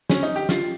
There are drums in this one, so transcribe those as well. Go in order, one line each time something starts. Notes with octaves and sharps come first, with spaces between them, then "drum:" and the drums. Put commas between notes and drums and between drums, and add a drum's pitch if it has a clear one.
C#4, drum: snare
D#4
G4
F4, drum: snare